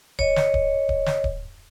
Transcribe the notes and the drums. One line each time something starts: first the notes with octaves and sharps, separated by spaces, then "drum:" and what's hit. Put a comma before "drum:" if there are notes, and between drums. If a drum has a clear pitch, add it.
C#5 D#5, drum: kick D1
drum: snare
drum: kick D1
drum: kick D1
drum: snare
drum: kick D1